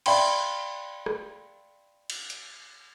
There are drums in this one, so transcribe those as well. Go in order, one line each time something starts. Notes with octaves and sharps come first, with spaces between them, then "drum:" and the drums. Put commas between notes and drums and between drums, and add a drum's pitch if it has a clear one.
D5 E5 F5 G5 B5 C6, drum: cymbal
drum: rim click
drum: cymbal
drum: hi-hat